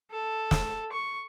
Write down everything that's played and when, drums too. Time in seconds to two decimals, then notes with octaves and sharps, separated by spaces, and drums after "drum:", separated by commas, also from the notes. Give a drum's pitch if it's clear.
0.11 A4
0.51 drum: snare
0.92 C#6